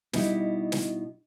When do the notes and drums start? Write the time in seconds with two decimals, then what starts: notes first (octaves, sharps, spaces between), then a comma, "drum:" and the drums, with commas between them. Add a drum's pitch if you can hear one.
0.13 B2 G3 D#4 E4, drum: snare
0.72 drum: snare